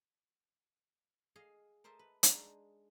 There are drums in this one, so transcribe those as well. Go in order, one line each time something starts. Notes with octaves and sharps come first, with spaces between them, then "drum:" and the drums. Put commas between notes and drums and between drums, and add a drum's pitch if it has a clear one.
G#4 D#5 F5
A#4 C5 D#5 E5 A5
B4
G#3 D4 D#4 G#4, drum: hi-hat